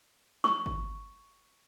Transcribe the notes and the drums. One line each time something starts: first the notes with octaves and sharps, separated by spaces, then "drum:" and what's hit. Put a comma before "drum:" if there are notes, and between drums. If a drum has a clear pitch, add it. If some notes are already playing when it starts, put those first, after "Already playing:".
C#6, drum: snare
drum: kick G1